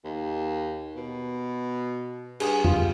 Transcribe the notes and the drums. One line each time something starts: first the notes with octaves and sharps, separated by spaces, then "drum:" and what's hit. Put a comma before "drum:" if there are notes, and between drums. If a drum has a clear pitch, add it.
D#2
B2
G2 G#4, drum: cymbal
F4, drum: tom F2